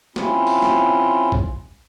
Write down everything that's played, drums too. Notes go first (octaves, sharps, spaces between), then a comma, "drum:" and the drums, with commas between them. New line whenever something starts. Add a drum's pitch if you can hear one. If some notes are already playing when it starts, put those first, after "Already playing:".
C4 C#4 E4 F4, drum: snare A#3
drum: open hi-hat
drum: snare A#3
drum: kick A1